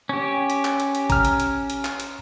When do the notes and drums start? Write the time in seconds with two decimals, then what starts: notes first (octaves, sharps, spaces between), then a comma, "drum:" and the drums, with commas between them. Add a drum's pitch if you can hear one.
0.09 C#4 G4
0.50 drum: hi-hat
0.65 drum: clap
0.80 drum: hi-hat
0.95 drum: hi-hat
1.10 A#5 F6, drum: kick G#1, hi-hat
1.25 drum: hi-hat
1.40 drum: hi-hat
1.70 drum: hi-hat
1.85 drum: clap
2.00 drum: hi-hat